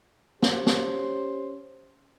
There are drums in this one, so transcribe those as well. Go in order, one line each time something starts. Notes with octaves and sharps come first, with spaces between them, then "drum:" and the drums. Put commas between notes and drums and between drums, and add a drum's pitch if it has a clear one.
C#4 G4 C5, drum: snare
drum: snare